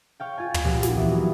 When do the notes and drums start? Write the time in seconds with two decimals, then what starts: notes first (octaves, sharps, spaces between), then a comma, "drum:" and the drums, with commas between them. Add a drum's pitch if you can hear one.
0.20 C#5 F5 G5
0.38 F4 G#5
0.54 drum: tom
0.64 A#2 F3 G3 C4 F#4
0.83 drum: snare
0.96 E3 B3 E4
1.11 F#3